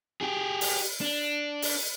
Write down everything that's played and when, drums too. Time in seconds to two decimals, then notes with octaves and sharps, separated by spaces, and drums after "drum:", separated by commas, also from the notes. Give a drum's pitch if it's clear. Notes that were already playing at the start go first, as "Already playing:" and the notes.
0.21 G4 G#4
0.61 drum: open hi-hat
1.01 D4
1.62 drum: open hi-hat